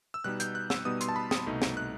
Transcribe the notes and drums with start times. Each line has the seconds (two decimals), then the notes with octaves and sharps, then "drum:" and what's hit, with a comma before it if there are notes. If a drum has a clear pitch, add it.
0.14 E6
0.24 B2 G3 B3 D#4 F#6
0.40 G6, drum: hi-hat
0.55 F#6
0.70 E6, drum: snare
0.85 B2 G3 B3 D#4 D#6
1.01 C6, drum: hi-hat
1.09 A5
1.16 B5
1.31 D#6, drum: snare
1.46 C2 B2 A3 D#4
1.62 drum: snare
1.77 F#6